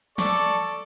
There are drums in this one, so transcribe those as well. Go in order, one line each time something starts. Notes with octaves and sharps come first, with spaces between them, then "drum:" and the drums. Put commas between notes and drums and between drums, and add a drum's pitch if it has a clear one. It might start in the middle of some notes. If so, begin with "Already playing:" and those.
A4 D5 C#6, drum: snare